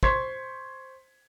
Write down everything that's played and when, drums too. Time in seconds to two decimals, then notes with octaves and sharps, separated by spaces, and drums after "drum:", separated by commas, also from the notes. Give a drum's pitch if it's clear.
0.03 C5 C6 C#6 G#6 B6, drum: kick